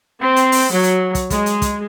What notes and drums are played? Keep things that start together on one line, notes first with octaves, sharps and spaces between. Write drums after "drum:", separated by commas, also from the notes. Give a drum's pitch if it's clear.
C4
drum: hi-hat
drum: open hi-hat
F#3
drum: hi-hat
drum: kick, hi-hat
G#3, drum: kick, hi-hat
drum: hi-hat
drum: kick, hi-hat